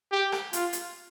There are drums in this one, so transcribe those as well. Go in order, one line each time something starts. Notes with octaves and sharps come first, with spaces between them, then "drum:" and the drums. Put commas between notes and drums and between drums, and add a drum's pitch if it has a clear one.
G4
drum: rim click
F4, drum: hi-hat
drum: hi-hat